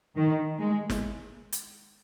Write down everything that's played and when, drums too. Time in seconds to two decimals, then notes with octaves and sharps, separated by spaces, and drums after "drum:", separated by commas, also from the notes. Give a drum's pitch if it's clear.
0.17 D#3
0.60 G#3
0.90 drum: snare
1.52 drum: hi-hat